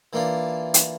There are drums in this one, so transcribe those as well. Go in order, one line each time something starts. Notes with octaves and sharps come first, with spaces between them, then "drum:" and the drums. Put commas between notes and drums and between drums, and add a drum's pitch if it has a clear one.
E3 A#3 D4 F4
drum: hi-hat